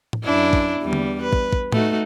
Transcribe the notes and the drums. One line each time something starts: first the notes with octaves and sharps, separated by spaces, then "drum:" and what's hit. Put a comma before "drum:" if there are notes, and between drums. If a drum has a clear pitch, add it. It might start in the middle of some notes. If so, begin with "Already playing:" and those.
drum: tom A2
F#2 D4 E4
drum: kick
E2 G3
drum: tom D3
B4
drum: kick
drum: kick
A3 D#4 F#4, drum: tom A2